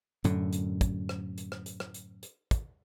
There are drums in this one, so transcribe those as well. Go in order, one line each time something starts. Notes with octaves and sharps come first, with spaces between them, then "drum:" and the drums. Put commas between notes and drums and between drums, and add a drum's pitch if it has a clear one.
F#2 A2 D3, drum: hi-hat
drum: hi-hat
drum: kick, hi-hat
drum: rim click
drum: hi-hat
drum: rim click
drum: hi-hat
drum: rim click
drum: hi-hat
drum: hi-hat
drum: kick, hi-hat